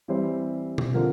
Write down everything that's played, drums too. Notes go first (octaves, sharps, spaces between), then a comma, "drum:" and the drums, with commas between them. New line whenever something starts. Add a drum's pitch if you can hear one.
E3 G3 C4 G4 C5
drum: tom B2
D3 F3 C4 F4 A#4